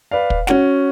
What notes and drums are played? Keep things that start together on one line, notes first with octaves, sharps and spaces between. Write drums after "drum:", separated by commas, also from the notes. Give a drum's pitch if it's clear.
B4 D5 F5
drum: kick
C#4 F#4 F#5, drum: snare